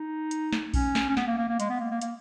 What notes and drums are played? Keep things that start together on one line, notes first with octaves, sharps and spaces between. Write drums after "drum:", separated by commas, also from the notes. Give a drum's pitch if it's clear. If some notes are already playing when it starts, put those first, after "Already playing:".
Already playing: D#4
drum: hi-hat
drum: snare
C#4, drum: kick A#1, open hi-hat
drum: snare
C#4
B3, drum: snare
A#3
A#3
A#3
G#3, drum: hi-hat
B3
A#3
A#3
A#3, drum: hi-hat